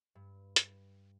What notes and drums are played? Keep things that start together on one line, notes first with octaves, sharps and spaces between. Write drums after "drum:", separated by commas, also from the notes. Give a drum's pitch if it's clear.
G2
drum: hi-hat